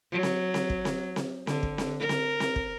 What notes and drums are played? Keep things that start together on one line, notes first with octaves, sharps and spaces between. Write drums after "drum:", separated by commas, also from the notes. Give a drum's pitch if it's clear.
F#3
drum: snare C4
drum: snare C4
drum: kick
drum: snare C4
drum: snare C4
D3, drum: snare C4
drum: kick
drum: snare C4
A#4
drum: snare C4
drum: snare C4
drum: kick